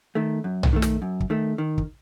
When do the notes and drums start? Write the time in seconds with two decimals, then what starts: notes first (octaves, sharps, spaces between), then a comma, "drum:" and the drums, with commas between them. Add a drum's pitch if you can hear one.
0.15 D#3 A3
0.44 F#2
0.63 drum: tom B1
0.73 D#3 A3
0.82 drum: snare
1.02 F#2
1.20 drum: kick
1.30 D#3 A3
1.58 D#3
1.78 drum: kick